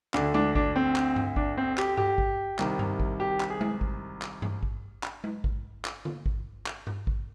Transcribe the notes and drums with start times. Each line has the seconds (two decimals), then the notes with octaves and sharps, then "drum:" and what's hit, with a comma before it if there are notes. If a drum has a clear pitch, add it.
0.14 D2 D3 D4, drum: clap
0.34 D4, drum: tom G#3
0.55 D4, drum: kick G#1
0.76 C4
0.96 drum: clap
1.16 drum: tom G2
1.36 D4, drum: kick G#1
1.57 C4
1.78 G4, drum: clap
1.97 G4, drum: tom G2
2.18 drum: kick G#1
2.59 C2 C3 D#3, drum: clap
2.79 drum: tom G2
3.00 drum: kick G#1
3.20 G4
3.40 drum: clap
3.50 G#4
3.61 drum: tom G#3
3.81 drum: kick G#1
4.22 drum: clap
4.42 drum: tom G2
4.63 drum: kick G#1
5.03 drum: clap
5.24 drum: tom G#3
5.44 drum: kick G#1
5.85 drum: clap
6.05 drum: tom D3
6.26 drum: kick G#1
6.66 drum: clap
6.87 drum: tom G2
7.07 drum: kick G#1